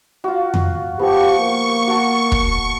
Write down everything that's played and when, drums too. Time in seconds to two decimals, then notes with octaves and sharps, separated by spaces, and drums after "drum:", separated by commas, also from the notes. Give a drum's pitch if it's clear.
0.24 F4 F#4
0.54 drum: tom F2
0.99 F3 B3 G4 C#6
1.39 A#3
1.87 F#4 A4
2.32 drum: kick